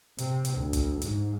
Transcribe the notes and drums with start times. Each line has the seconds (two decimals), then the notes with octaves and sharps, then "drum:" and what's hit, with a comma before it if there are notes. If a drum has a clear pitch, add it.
0.18 C3, drum: hi-hat
0.45 drum: hi-hat
0.55 D2
0.73 drum: kick, hi-hat
1.02 G#2, drum: hi-hat